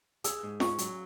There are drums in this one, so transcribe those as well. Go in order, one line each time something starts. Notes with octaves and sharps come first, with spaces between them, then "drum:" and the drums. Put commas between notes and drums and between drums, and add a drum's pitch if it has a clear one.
G#4 E6, drum: hi-hat
G#2
C#4 C#6, drum: snare
F#3, drum: hi-hat